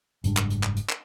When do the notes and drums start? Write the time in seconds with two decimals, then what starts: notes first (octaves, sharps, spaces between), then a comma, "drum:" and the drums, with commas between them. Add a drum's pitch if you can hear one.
0.24 F#1 G#2 G3 D4, drum: hi-hat
0.37 drum: clap
0.50 drum: hi-hat
0.63 drum: clap
0.76 drum: hi-hat
0.89 drum: clap